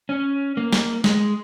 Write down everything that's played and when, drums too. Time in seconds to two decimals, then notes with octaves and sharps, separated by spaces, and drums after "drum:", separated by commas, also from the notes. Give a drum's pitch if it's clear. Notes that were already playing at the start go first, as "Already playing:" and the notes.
0.09 C#4
0.57 A#3
0.73 drum: snare
1.04 G#3, drum: snare